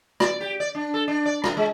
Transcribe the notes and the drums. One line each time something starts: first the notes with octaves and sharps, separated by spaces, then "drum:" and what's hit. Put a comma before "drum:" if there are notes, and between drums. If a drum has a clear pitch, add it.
D5, drum: rim click
G4
D5
D4
A4
D4
D5
A3, drum: rim click
G#3